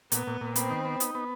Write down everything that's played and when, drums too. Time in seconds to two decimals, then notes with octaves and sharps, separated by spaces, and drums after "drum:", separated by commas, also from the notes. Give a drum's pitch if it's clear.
0.12 A#2 B3, drum: hi-hat
0.27 A#2
0.41 A#2
0.56 B3 C4, drum: hi-hat
0.70 D#3
0.85 B3
1.00 D#4, drum: hi-hat
1.15 B3